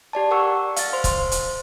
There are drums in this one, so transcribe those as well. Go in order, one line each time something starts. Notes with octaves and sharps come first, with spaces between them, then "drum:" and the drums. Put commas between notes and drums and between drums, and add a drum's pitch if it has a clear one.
G4 D5 A5
A#4 F#5 C#6 E6
F5 A6, drum: hi-hat
C5 C6
drum: kick, hi-hat
drum: hi-hat